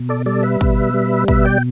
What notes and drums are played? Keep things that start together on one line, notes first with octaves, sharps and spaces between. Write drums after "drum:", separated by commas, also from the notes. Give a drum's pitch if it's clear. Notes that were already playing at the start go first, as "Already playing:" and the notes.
Already playing: B2
A4 D5
G3 A4 D5
B4 E5
B2, drum: kick
G3
B2 B4 E5, drum: kick
D5 G5